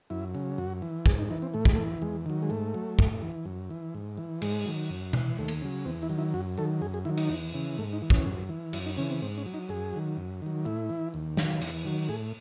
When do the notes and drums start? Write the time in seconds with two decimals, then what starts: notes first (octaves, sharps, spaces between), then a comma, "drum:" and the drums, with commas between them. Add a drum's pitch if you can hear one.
0.10 F#2 E4
0.34 C#3 F#3
0.58 F#2 F#4
0.82 E3
1.06 G#2 G#4, drum: kick
1.19 D#4
1.30 E3 D#4
1.42 C4
1.54 A2 A3
1.65 G#3, drum: kick
1.75 A3
1.78 E3
2.02 E2 G#3
2.26 D#3 F#3
2.42 G#3
2.50 G#2 A3
2.74 F#3
2.99 A2, drum: kick
3.22 E3
3.45 F#2
3.70 E3
3.95 G#2
4.17 E3
4.42 G#2 G#3, drum: cymbal
4.66 D#3 F#3
4.90 F#2
5.13 E3, drum: tom B2
5.38 D#2 A3
5.48 drum: cymbal
5.62 C#3 F#3
5.86 E2 C4
6.02 E4
6.09 D#3 F#3
6.18 E4
6.34 F#2 F#4
6.58 D#3 F#3 A4
6.82 F#2 G#4
6.94 G#4
7.05 D#3 F#3 E4
7.17 D#4, drum: cymbal
7.29 E2
7.54 C#3 E3
7.78 G#2 A3
7.93 D#4
8.02 E3
8.10 C#4, drum: kick
8.26 F#2
8.49 E3
8.73 F#2 E4, drum: cymbal
8.86 D#4
8.97 C#3 E3 C#4
9.10 C4
9.22 G#2 C4
9.38 C#4
9.46 F#3
9.54 D#4
9.69 F#2 G#4
9.93 D#3 F#3
10.17 F#2
10.42 D#3 F#3
10.65 A2 E4
10.89 E3
11.14 D#2
11.37 D#3 F#3, drum: snare
11.61 E2, drum: cymbal
11.85 D#3 F#3
12.09 A2 G#4